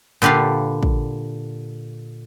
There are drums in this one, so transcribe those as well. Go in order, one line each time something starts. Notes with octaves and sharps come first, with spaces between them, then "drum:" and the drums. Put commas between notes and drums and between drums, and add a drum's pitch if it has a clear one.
A#2 D3 G4 B4 F5
drum: kick